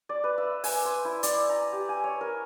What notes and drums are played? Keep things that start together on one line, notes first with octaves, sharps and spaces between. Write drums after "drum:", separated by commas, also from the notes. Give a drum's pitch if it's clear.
D5
B4
E5
G#5, drum: open hi-hat
C5
E4
D5, drum: hi-hat
A#5
G4
G#5
C#5
A#4